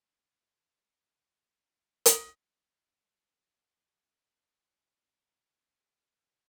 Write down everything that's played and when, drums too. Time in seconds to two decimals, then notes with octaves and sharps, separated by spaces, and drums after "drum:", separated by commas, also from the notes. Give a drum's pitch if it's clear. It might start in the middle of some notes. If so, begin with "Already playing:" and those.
Already playing: D#2 D#3 A#3 D4
0.51 C3 D#3 G#3 A#4
0.97 C5
1.41 F2 C3 G3 A#3 G#4
2.06 drum: hi-hat
2.32 C2 C3 G3 D4 F4
2.77 D#4
3.23 G2 F3 C4
3.68 D#4
4.14 C2 C3 F3 F4
4.59 G4
5.05 G2 F3 C4
5.95 D#2 D#3 A#3 D4